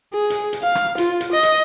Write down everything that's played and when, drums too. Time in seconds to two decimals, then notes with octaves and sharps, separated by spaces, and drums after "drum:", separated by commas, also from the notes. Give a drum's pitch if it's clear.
0.13 G#4
0.30 drum: hi-hat
0.53 drum: hi-hat
0.63 F5
0.75 drum: rim click
0.98 F4, drum: hi-hat
1.20 drum: hi-hat
1.32 D#5
1.43 drum: hi-hat